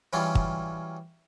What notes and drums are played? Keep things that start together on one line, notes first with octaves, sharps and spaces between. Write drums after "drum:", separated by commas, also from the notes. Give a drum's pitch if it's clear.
E3 F#3 G3 C#4 F4
drum: kick